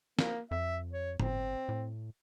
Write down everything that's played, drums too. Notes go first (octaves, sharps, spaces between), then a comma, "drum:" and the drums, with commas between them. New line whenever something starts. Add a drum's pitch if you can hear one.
A#3, drum: snare
F2 E5
C#5
G1 C4, drum: tom A2
A2